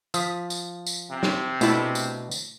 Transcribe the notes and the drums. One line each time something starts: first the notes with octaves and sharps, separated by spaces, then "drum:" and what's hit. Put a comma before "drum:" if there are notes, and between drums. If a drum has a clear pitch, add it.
F3 D#6 B6, drum: tambourine
drum: tambourine
drum: tambourine
C3
drum: snare
B2 A3 D4 E4 E5, drum: tambourine
drum: tambourine
drum: tambourine